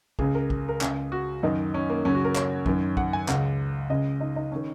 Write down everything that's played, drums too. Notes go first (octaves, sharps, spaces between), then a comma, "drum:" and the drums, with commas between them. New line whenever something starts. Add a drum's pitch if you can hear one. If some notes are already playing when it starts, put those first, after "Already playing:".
C#2 C#3 G#4, drum: kick
A#4
drum: kick
A#4
C#2 C#3 G#4, drum: clap
F#4
F#2 D#3 D#4
C#4
A#3
F#2 C#3 C#4
F#4
A#4
C#5, drum: clap
F#2 D#3, drum: kick
F#5, drum: kick
G#5
C#2 C#3 F#5, drum: clap
C#2 C#3 D#5
D#4
D#4
D#3 C#4